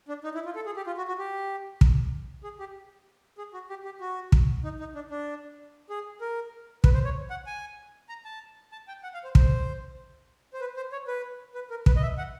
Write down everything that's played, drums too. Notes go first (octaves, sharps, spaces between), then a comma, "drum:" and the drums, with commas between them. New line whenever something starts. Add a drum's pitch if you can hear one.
D4
D#4
E4
F4
A4
G#4
G4
F4
F#4
F#4
G4
drum: kick
G#4
G4
G#4
F#4
G4
G4
F#4
drum: kick
D#4
D#4
D4
D4
G#4
A#4
B4, drum: kick
C5
C#5
F#5
G#5
A#5
A5
A5
G5
F#5
F5
C5
C5, drum: kick
C5
B4
C5
C#5
B4
B4
A#4
B4, drum: kick
D#5
E5
F#5